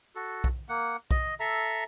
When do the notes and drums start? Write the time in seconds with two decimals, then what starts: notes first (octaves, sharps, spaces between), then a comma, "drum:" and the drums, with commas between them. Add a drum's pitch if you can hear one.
0.15 F#4 A4
0.44 drum: kick B1
0.69 A#3 F#5
1.11 D#5, drum: kick B1
1.40 A4 E5 A#5